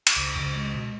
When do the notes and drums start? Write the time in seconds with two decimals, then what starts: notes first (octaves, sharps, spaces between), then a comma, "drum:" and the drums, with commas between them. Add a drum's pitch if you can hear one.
0.07 drum: cymbal
0.16 C#2
0.35 C#2
0.55 G#3
0.74 B2